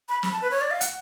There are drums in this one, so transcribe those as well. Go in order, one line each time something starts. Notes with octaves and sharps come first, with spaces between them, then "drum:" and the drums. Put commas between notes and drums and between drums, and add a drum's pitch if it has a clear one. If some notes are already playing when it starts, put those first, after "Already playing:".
B5
B5, drum: snare
A5
B4
C#5
D5
F5
F#5, drum: hi-hat